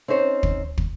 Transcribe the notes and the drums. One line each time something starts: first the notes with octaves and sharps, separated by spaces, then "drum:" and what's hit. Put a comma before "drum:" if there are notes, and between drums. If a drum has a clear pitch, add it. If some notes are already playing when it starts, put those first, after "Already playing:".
C4 C#4 D#4 C5 C#5
drum: kick
drum: kick